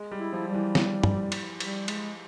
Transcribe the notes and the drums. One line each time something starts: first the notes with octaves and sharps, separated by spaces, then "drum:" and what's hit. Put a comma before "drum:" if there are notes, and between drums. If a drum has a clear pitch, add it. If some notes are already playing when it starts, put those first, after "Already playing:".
Already playing: G#3
G3
E4
F3
G3
E3
E3, drum: snare
drum: tom
drum: cymbal
G3, drum: cymbal
G#3, drum: cymbal